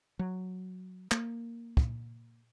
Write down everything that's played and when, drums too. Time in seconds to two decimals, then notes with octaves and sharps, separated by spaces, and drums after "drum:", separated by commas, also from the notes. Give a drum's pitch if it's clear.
0.19 F#3
1.11 A#3, drum: clap
1.77 drum: kick